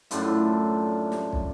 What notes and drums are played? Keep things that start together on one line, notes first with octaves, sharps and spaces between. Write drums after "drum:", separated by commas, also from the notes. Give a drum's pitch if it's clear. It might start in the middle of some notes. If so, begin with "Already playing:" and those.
F#2 A2 D4 F4, drum: hi-hat
drum: snare
drum: kick